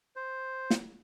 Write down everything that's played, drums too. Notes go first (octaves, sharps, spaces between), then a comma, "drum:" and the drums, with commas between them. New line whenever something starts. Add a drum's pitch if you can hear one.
C5
drum: snare